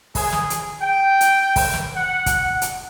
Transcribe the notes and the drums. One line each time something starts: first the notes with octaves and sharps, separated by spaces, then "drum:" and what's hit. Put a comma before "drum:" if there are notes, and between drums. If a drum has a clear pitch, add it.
G#4, drum: kick, open hi-hat
drum: snare
drum: hi-hat
G5
drum: hi-hat
drum: kick, open hi-hat
drum: snare
F#5
drum: kick, hi-hat
drum: hi-hat